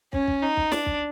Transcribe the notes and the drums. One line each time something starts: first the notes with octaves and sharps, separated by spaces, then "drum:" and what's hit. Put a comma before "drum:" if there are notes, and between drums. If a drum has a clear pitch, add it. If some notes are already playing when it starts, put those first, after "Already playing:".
C#4, drum: kick
drum: kick
D#4
drum: kick
D4, drum: snare
drum: kick